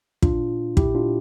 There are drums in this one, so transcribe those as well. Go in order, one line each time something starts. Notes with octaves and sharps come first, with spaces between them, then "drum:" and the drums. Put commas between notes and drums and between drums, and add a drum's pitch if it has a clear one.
A#2 D4 F4, drum: kick
A#2 E4 G4, drum: kick
D4 F4